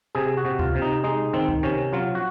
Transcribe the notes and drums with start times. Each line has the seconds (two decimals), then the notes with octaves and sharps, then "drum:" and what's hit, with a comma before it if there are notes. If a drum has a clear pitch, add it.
0.15 C3 G#4
0.37 F#4
0.45 C3
0.59 F4, drum: kick C#2
0.74 C3
0.82 D#4
1.04 G#3 D#4
1.33 D#3 C4
1.48 drum: kick C#2
1.63 C3 C#4
1.93 F#3 F4
2.15 F#4